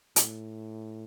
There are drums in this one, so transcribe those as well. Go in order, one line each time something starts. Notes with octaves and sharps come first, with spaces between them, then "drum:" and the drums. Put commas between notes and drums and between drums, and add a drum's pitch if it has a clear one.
A2, drum: hi-hat